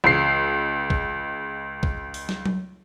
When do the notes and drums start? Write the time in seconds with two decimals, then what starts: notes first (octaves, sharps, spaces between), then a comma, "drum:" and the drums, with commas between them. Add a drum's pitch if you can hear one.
0.04 C#2 C7, drum: tom E3
0.90 drum: kick
1.83 drum: kick
2.14 drum: open hi-hat
2.29 drum: snare
2.46 drum: tom F#3